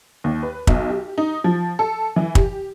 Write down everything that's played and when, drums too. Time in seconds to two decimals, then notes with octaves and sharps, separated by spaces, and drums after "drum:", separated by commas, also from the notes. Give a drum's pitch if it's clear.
0.24 D#2
0.43 B4
0.67 B1, drum: kick
0.89 G4
1.18 D#4
1.44 F3
1.79 A4
2.16 E3
2.35 G4, drum: kick